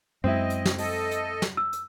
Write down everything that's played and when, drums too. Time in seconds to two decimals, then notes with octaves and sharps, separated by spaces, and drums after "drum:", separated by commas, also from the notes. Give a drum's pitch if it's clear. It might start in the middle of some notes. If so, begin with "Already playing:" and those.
0.24 F#2 G#3 C4 E4 D#5
0.50 drum: hi-hat
0.65 drum: snare
0.78 A4 D#5, drum: open hi-hat
1.11 drum: hi-hat
1.42 drum: snare
1.57 E6
1.73 drum: hi-hat